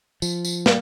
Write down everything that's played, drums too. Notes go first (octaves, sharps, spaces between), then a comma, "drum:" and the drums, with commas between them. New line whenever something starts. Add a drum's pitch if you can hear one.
F3, drum: tambourine
drum: tambourine
G3 A#3, drum: snare